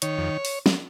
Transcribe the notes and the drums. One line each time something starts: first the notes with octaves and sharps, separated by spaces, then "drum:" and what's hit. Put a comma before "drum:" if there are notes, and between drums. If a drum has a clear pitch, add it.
D#3 C#5, drum: hi-hat
F2
drum: open hi-hat
drum: snare